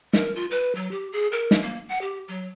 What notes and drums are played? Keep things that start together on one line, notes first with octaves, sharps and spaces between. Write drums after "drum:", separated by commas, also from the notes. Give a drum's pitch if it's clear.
A#4, drum: snare
F4
B4
F#3
G4
G#4
A#4
drum: snare
A#3
F#5
G4
F#3